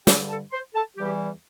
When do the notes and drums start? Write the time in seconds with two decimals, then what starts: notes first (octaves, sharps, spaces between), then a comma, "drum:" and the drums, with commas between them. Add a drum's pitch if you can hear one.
0.07 G2 D3 G3 G4 G5, drum: snare
0.30 A4 A5
0.52 C5 C6
0.74 A4 A5
0.97 E2 E3 G3 G4